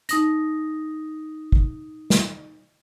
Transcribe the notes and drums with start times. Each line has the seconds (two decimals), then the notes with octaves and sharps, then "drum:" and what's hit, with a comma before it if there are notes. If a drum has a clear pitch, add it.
0.09 D#4 D#6 A#6, drum: hi-hat
1.52 drum: kick
2.10 drum: snare